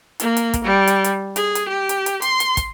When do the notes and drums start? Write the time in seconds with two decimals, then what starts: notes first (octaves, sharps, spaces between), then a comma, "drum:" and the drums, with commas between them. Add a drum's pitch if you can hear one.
0.20 A#3, drum: hi-hat
0.37 drum: hi-hat
0.54 drum: kick, hi-hat
0.64 G3
0.87 drum: hi-hat
1.04 drum: hi-hat
1.36 G#4, drum: hi-hat
1.55 drum: hi-hat
1.68 G4
1.89 drum: hi-hat
2.06 drum: hi-hat
2.22 C6, drum: hi-hat
2.40 drum: hi-hat
2.57 drum: kick, hi-hat